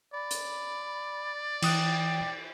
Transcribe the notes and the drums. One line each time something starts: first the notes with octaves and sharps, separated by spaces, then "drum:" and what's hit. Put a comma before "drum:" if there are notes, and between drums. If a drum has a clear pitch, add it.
D5 B5
drum: hi-hat
E3 G5 D#6 F#6, drum: cymbal